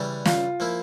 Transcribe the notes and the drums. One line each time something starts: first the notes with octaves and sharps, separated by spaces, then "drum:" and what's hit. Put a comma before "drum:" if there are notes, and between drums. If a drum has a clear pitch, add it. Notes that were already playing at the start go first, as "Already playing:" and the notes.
Already playing: C#3 E3 G3 D4
F4, drum: snare
F3 A#3 E4